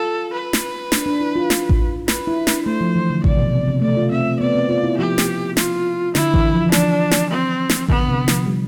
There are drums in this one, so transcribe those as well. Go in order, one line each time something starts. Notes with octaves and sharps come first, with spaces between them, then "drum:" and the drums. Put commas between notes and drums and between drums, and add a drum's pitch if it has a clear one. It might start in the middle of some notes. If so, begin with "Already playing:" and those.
Already playing: F4 A4
B4
drum: snare
D4, drum: snare
D4
E4
F4
drum: snare
drum: kick A1
B4, drum: snare
E4
D4, drum: snare
A3 C5
F3
E3
D3
C3 D5, drum: kick A1
B2
C3
C3
A3 D5
F4
C4 E5
C4
B3 D5
C4
F4
E4
F3 G4
drum: snare
F4, drum: snare
D3 E4, drum: snare
E3, drum: kick A1
F3
E3
F3 D4, drum: snare
drum: snare
C4
drum: snare
D3 B3, drum: kick A1
C3
F3, drum: snare
G3